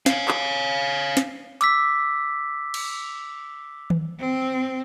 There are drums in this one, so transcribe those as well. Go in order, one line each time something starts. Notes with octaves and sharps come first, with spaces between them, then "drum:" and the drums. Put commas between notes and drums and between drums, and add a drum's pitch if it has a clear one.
C#5 F5, drum: snare
drum: clap
drum: snare
D6 E6 B6, drum: hi-hat
drum: cymbal
drum: tom D#3
C4